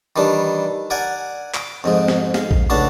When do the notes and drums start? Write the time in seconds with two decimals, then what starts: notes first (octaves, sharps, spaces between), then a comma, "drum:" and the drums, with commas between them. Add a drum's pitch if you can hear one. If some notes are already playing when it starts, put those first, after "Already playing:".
0.16 D#3 E3 G3 D4
0.90 A#4 D5 F#5 G#5
1.54 D6, drum: clap
1.84 F2 G#2 G#3
2.08 drum: snare
2.34 F5, drum: snare
2.51 drum: kick A#1
2.70 C#2 A2 D4 F#4 A5